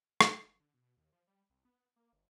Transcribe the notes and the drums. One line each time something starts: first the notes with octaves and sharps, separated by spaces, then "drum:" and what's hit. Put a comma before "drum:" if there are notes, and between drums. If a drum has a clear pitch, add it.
F2, drum: rim click
F#1
D3
B2
D#2
F3
G3
C2
B3
A#3
G1